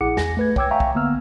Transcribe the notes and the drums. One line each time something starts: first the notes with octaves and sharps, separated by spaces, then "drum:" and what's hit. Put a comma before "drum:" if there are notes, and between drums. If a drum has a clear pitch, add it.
A#1 E4 G#4 F#5 D6 C#7
E2 G#5 A#6, drum: snare
A3 B4 G#6
C#5 G5 D6 E6 G#6, drum: kick
E5 F5 G5 G#5 A#5 C#6
drum: kick
D3 A#3 B3 E6 F6